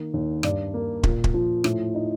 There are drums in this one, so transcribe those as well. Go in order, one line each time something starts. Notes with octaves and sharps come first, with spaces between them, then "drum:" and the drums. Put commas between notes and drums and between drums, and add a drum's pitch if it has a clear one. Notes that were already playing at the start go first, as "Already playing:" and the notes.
Already playing: D#3 A#3
D#2
G2 D5, drum: rim click
A#3
A#2, drum: kick
drum: kick
F3
A2, drum: rim click
D#4